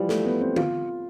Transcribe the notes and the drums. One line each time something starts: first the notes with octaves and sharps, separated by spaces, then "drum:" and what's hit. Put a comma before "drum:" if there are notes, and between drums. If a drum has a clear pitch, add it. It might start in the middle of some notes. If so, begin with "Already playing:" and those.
Already playing: E3 F3 G3
A3, drum: snare
B3
C4
F4, drum: tom D3